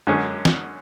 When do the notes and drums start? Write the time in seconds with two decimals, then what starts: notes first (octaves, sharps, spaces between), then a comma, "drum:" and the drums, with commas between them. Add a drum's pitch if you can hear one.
0.07 F#2 D3 G#3 C#4
0.45 drum: snare